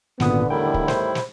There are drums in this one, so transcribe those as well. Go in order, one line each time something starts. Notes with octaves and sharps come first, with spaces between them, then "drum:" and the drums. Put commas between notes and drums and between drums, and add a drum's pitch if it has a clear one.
G#1 A#2 D3 B3 D#6, drum: snare
E2 A2 D#3 G3 E4 A#4 G5
drum: kick
C5, drum: snare
drum: snare